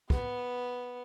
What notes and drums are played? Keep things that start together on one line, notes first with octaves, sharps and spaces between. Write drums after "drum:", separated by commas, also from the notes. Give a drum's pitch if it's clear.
B3, drum: kick